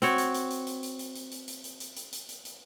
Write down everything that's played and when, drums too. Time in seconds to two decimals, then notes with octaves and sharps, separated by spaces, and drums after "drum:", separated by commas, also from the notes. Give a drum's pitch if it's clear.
0.02 C4 F#4 C#5, drum: hi-hat
0.18 drum: hi-hat
0.34 drum: hi-hat
0.50 drum: hi-hat
0.67 drum: hi-hat
0.83 drum: hi-hat
0.99 drum: hi-hat
1.15 drum: hi-hat
1.31 drum: hi-hat
1.48 drum: hi-hat
1.64 drum: hi-hat
1.80 drum: hi-hat
1.96 drum: hi-hat
2.13 drum: hi-hat
2.29 drum: hi-hat
2.45 drum: hi-hat